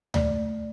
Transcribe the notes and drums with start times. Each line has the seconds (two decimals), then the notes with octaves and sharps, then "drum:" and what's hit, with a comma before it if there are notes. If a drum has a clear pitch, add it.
0.14 A3 D5, drum: tom D2